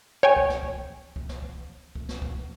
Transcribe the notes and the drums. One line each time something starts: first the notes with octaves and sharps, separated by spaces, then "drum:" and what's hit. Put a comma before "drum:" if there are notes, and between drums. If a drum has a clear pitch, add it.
C#5 G5 G#5
drum: kick
drum: snare
drum: kick
drum: kick
drum: snare
drum: kick
drum: kick
drum: snare
drum: kick